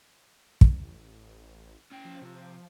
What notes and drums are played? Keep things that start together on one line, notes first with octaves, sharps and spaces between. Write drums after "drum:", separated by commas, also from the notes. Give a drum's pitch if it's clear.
A1, drum: kick
C#4 G5
F3
C3